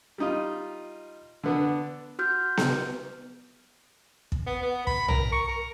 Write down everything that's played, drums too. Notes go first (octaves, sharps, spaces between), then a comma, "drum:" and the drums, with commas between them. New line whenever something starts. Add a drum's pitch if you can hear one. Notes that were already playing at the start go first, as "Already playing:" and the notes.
G3 D#4 F4
D3 B3 D4
F#4 F6 G6
drum: snare B3
drum: kick
B3
B3
B5, drum: kick
A#4, drum: tom
C#6
A#4